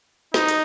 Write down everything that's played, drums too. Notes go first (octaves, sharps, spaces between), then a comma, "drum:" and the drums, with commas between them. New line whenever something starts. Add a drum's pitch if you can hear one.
D#4, drum: snare
drum: hi-hat